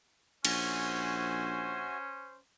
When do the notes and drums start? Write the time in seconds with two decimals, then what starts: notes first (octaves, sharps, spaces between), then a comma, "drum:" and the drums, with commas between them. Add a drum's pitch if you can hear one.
0.45 A#1 C#4 F#4 C5 E5 G#5, drum: cymbal